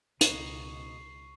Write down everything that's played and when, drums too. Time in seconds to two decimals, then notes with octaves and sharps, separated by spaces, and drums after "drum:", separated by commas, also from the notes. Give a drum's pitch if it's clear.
0.21 C#2 B2 D#4 C#6 C7, drum: hi-hat